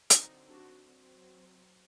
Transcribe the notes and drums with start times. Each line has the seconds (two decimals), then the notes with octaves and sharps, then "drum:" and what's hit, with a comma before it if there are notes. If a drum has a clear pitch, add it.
0.10 D3 F#3 C4 D#4, drum: hi-hat
0.49 D4 F#4
0.88 F#3 C4